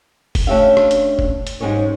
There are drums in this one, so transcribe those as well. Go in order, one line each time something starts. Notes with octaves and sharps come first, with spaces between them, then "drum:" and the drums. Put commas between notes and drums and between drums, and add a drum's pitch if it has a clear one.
drum: kick F1, open hi-hat
A3 C#4 D4 G4 E5 F5
drum: rim click
drum: hi-hat
drum: kick F1
drum: hi-hat
G#2 G3 G#3 C#4 C#5